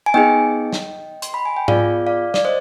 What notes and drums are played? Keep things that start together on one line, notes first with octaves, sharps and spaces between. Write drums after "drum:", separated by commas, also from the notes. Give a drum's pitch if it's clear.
G#5
B3 D#4 G#4 D#5 G5
drum: snare
C6, drum: hi-hat
B5
G#5
G5
B3 F4 G#4 D5 F5, drum: tom G#2
D5 F5
D5, drum: snare
C5 D#5